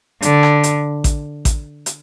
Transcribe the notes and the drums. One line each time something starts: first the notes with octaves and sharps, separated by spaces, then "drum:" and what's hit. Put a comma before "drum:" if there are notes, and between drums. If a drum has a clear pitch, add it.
D3, drum: hi-hat
drum: rim click
drum: hi-hat
drum: kick A1, hi-hat
drum: kick A1, hi-hat
drum: hi-hat